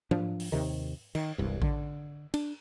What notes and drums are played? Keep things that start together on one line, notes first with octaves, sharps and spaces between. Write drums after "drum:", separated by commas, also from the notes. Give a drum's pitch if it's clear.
F3 D4, drum: tom G#2
drum: open hi-hat
D#2 C3 D#3
D#3, drum: cymbal
E1 C2 G2
D3, drum: kick A1
D4, drum: cymbal